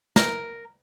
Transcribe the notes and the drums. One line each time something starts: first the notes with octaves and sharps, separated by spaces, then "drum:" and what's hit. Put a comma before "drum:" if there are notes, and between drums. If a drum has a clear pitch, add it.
A#4, drum: snare